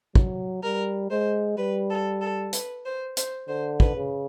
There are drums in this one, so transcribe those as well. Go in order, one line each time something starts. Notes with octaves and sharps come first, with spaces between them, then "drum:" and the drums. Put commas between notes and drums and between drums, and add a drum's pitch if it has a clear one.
F#3, drum: kick
G3 A#4
G#3 C5
G3 B4
A4
A4
B4, drum: hi-hat
C5
C5, drum: hi-hat
D3 C5
B4, drum: kick
C#3